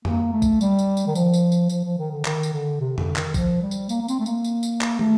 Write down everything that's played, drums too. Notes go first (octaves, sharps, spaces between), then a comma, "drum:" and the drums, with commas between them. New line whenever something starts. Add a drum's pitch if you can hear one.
A#3, drum: tom F2
A3
drum: kick A#1, tambourine
G3, drum: tambourine
drum: tambourine
drum: tambourine
D#3
F3, drum: tambourine
drum: tambourine
drum: tambourine
F3, drum: tambourine
F3
D#3
D3
D#3, drum: clap
drum: tambourine
D3
C3
D3, drum: tom F2
D#3, drum: clap
F3, drum: kick A#1, tambourine
G3
drum: tambourine
A#3, drum: tambourine
A#3
C4, drum: tambourine
A3
A#3, drum: tambourine
drum: tambourine
drum: tambourine
drum: clap
A3, drum: tom